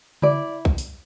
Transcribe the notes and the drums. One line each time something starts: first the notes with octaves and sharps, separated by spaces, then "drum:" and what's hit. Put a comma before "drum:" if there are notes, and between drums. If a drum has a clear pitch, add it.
E4 D5, drum: tom C#3
drum: kick C2
drum: open hi-hat